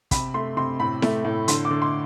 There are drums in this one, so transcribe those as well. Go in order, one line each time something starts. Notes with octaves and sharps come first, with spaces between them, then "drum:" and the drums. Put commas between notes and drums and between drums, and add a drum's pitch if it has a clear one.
C3 B5, drum: kick, hi-hat
A3 C6
C3 C6
A2 B5
A3, drum: snare E4
A2
D3 C6, drum: hi-hat
D6
D3
C6